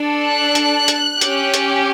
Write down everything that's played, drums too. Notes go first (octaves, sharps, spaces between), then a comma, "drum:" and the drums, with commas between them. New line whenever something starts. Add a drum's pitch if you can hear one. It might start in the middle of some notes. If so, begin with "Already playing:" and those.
Already playing: D4 A4
F#6
drum: hi-hat
drum: hi-hat
C#4 G4, drum: hi-hat
drum: hi-hat